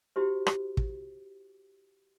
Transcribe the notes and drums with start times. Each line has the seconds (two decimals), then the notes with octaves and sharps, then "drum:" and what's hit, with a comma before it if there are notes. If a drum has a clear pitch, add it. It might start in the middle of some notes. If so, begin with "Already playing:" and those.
0.16 E4 F#4 G4 C5
0.46 drum: rim click
0.77 drum: kick